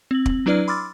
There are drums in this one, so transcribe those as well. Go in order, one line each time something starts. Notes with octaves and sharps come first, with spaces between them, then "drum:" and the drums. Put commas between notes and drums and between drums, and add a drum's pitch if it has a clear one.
C4 F#7
drum: kick
F#3 D4 E4 B4 D5 F6
B5 C6 D6 E6 F6 A6